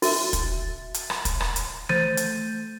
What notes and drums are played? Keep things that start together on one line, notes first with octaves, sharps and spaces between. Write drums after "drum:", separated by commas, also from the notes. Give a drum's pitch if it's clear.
F#4 E5 A6, drum: open hi-hat
drum: kick, hi-hat
drum: hi-hat
drum: rim click
drum: kick, hi-hat
drum: rim click
drum: hi-hat
A3 C5 G6 A6 D#7, drum: tom E3
drum: hi-hat